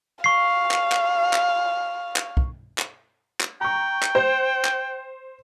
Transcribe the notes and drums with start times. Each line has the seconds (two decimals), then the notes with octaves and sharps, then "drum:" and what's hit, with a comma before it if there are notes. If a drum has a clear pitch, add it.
0.24 F5 C#6 C7
0.71 drum: clap
0.92 drum: clap
1.33 drum: clap
2.16 drum: clap
2.37 drum: kick
2.78 drum: clap
3.40 drum: clap
3.61 G5 A#5 C#6
4.03 drum: clap
4.15 C5 G6
4.65 drum: clap